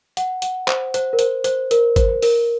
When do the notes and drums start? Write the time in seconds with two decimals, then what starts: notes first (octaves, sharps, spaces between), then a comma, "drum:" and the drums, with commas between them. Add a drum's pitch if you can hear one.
0.17 F#5, drum: hi-hat
0.42 F#5, drum: hi-hat
0.68 C5, drum: clap
0.94 C5, drum: hi-hat
1.13 A#4
1.19 C5, drum: hi-hat
1.44 C5, drum: hi-hat
1.71 A#4, drum: hi-hat
1.96 C5, drum: kick G#1, hi-hat
2.22 A#4, drum: open hi-hat